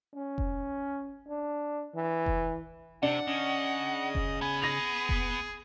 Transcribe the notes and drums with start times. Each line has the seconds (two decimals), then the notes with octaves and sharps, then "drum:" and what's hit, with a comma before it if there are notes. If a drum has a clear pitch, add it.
0.14 C#4
0.38 drum: kick F1
1.28 D4
1.95 E3
2.26 drum: kick F1
3.03 C3 D4 F#5
3.28 C#3 D#5
4.15 drum: kick F1
4.41 B3 G#5
4.62 G#4 A#6 F7
5.09 drum: kick F1